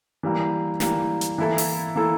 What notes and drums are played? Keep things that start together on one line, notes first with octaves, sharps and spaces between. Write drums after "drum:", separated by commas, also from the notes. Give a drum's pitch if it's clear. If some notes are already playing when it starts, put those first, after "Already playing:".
E3 G3 A#3
E3 G3 A#3, drum: snare
drum: hi-hat
E3 A#3 E4 A4
drum: open hi-hat
E3 A#3 E4 A4